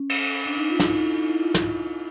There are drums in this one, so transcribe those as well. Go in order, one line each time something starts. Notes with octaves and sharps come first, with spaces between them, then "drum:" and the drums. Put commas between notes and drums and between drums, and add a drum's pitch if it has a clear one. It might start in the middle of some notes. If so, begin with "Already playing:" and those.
Already playing: C#4
drum: cymbal
D4
D#4
F4
E4, drum: snare
D#4
E4
D#4
E4
F4
E4, drum: snare